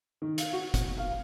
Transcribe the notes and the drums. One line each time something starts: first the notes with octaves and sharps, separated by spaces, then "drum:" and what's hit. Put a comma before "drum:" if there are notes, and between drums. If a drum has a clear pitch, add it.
D#3
F5, drum: hi-hat
F#4
drum: kick, hi-hat
F5